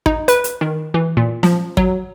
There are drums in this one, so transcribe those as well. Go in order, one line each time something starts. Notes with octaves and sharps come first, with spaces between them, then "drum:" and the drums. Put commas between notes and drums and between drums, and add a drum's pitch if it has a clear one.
D#4, drum: kick
B4, drum: hi-hat
drum: hi-hat
D#3
E3
A#2
F3, drum: snare
F#3, drum: kick